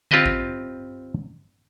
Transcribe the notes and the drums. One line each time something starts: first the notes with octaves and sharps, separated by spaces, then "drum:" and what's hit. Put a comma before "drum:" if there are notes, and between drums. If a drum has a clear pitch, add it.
C4 F4 G4 B4 D#5 E5, drum: tom D3
drum: kick A1